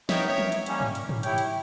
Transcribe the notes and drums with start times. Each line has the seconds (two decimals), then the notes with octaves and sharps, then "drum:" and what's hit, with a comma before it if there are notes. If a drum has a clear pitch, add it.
0.09 B3 D#4 A#4 C#5 D#5 E5 G5, drum: snare
0.28 C#5 E5
0.38 drum: tom
0.52 drum: hi-hat
0.66 G3 A#3 C#4, drum: hi-hat
0.81 drum: tom
0.95 drum: hi-hat
1.09 drum: tom G#2
1.23 E4 G4 C#5 G5, drum: hi-hat
1.38 drum: hi-hat